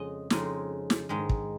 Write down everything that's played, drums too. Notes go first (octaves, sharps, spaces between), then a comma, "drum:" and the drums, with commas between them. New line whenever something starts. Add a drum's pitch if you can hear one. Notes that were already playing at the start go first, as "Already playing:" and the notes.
Already playing: F2 C#3 G#3 D#5
F2 C#3 G#3 D#4, drum: snare
drum: snare
G#2 D#3 G#3 D#4
drum: kick